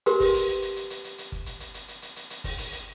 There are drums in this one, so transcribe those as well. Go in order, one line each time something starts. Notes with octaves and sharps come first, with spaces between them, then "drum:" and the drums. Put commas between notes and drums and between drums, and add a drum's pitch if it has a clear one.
G4 A#4 B4 C6, drum: hi-hat
drum: kick G1, open hi-hat
drum: hi-hat
drum: hi-hat
drum: hi-hat
drum: hi-hat
drum: hi-hat
drum: hi-hat
drum: hi-hat
drum: kick G1
drum: hi-hat
drum: hi-hat
drum: hi-hat
drum: hi-hat
drum: hi-hat
drum: hi-hat
drum: hi-hat
drum: kick G1, open hi-hat
drum: hi-hat
drum: hi-hat